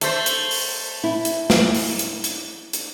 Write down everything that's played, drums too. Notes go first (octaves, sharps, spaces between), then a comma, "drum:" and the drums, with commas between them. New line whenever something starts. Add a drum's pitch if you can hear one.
A3 C5, drum: hi-hat
drum: hi-hat
drum: open hi-hat
E4
drum: hi-hat
drum: snare
drum: open hi-hat
drum: hi-hat
drum: hi-hat
drum: hi-hat